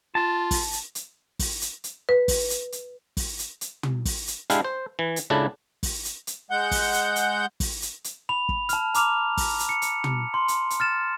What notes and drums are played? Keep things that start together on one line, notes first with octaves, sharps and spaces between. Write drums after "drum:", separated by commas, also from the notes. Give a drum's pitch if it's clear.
F4 A5
drum: kick, open hi-hat
drum: hi-hat
drum: hi-hat
drum: kick, open hi-hat
drum: hi-hat
drum: hi-hat
B4
drum: kick, open hi-hat
drum: hi-hat
drum: hi-hat
drum: kick, open hi-hat
drum: hi-hat
drum: hi-hat
drum: tom
drum: kick, open hi-hat
drum: hi-hat
G#3 D4 E4 G4 F5, drum: hi-hat
C5
E3
drum: hi-hat
C#2 C#3 D4 E4 A4
drum: kick, open hi-hat
drum: hi-hat
drum: hi-hat
G#3 F#5 G6
drum: kick, open hi-hat
drum: hi-hat
drum: hi-hat
drum: kick, open hi-hat
drum: hi-hat
drum: hi-hat
B5 F7
drum: kick
A5 F6, drum: hi-hat
A#5 D6 F6 F7, drum: hi-hat
drum: kick, open hi-hat
drum: hi-hat
C#7
drum: hi-hat
drum: tom
C6
drum: hi-hat
drum: hi-hat
F6 A6 E7